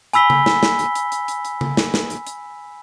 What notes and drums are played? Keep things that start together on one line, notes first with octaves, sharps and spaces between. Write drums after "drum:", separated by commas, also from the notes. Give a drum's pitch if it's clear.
G#5 B5 E6 B6 G7, drum: hi-hat
drum: tom C#3
drum: snare
drum: snare
drum: hi-hat
drum: hi-hat
drum: hi-hat
drum: hi-hat
drum: hi-hat
drum: tom C#3
drum: snare
drum: snare
drum: hi-hat
drum: hi-hat